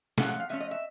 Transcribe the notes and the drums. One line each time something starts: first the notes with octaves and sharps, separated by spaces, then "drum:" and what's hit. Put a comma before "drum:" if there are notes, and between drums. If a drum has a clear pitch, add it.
F3 A3 C#4 F#5, drum: snare
F#5
F5
F3 A3 C#4 E5
D#5
E5